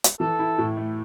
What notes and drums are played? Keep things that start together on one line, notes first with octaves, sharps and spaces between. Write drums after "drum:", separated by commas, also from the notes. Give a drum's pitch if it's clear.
drum: hi-hat
E3 A4
E4
A2
A3